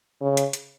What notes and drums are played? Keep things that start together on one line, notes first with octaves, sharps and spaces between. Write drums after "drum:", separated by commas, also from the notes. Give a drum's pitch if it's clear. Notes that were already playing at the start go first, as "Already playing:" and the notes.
C#3
drum: hi-hat
drum: hi-hat